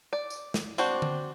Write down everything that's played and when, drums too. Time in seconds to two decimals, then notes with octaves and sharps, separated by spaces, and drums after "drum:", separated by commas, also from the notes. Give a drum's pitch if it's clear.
0.13 D5
0.30 drum: tambourine
0.54 drum: snare
0.78 C4 D4 F#4 C5, drum: tambourine
1.02 drum: tom D3